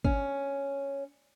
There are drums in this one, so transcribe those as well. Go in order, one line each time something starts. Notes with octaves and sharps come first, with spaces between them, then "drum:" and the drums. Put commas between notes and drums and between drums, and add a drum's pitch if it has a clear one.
C#4, drum: kick